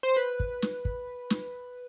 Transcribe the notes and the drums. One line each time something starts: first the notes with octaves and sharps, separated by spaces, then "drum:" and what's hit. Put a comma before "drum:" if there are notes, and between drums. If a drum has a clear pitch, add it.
C5
B4
drum: kick
drum: snare
drum: kick
drum: snare